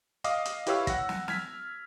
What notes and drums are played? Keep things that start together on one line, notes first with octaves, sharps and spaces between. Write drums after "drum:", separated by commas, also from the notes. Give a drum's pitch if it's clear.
D#5 F5 D6 D#6, drum: hi-hat
drum: hi-hat
E4 G4 B4 C#5 F5 E6, drum: hi-hat
F#5 A#6, drum: kick, hi-hat
drum: snare
F6 G#6 B6, drum: snare